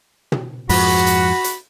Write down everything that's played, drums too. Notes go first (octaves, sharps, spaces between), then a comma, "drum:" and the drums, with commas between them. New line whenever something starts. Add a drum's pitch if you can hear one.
drum: tom
F2 G#2 F3 F#4 B5, drum: open hi-hat
drum: hi-hat
drum: hi-hat